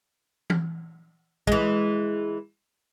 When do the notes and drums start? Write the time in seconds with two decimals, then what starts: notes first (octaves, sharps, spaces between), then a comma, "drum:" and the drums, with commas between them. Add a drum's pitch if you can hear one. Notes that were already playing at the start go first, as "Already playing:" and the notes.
0.50 drum: tom E3
1.47 E3 G#3, drum: kick A#1